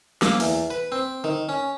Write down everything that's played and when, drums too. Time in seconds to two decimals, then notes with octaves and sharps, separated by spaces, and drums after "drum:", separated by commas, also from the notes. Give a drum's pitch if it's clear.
0.22 A#3, drum: snare
0.40 E2, drum: open hi-hat
0.70 B4
0.92 C4
1.24 D#3
1.49 C#4